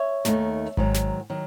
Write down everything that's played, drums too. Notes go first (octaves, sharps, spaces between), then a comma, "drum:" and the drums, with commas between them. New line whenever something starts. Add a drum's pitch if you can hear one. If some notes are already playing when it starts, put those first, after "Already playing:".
Already playing: C#5 E5
D#2 D#3 A3 D#4, drum: snare
G#2 D#3 F#3, drum: kick G#1
drum: snare
D#3 F#3